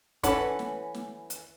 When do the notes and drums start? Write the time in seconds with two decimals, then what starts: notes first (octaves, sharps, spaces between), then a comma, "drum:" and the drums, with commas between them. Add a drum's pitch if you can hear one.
0.23 E3 C#4 A4 B4 F#5, drum: kick, hi-hat
0.59 drum: snare
0.94 drum: snare
1.30 drum: hi-hat